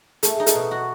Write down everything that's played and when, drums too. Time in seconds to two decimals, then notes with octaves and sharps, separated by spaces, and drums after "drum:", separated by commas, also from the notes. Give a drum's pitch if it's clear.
0.23 A3 A4, drum: hi-hat
0.35 D#4 G#4
0.46 A4, drum: hi-hat
0.55 B2
0.71 F#4